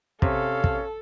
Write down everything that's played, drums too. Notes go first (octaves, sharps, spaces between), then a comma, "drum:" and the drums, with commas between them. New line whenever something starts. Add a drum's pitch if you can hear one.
C3 C#4 A4 F5, drum: kick
drum: kick